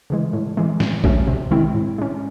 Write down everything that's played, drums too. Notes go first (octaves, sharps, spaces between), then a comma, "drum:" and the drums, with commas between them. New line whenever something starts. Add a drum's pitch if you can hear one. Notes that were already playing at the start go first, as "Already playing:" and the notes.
C#3 E3 G#3
A2
E3 G#3
A2, drum: snare
F#3 A3 C#4 F#4, drum: kick A#1
C3
D#3 G#3 C4 E4
A2
G#3 C#4